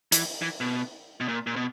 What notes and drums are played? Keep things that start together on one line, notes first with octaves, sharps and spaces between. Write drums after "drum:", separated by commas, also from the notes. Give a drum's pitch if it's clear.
E3, drum: hi-hat
E3
B2
B2
A#2
A#2
B2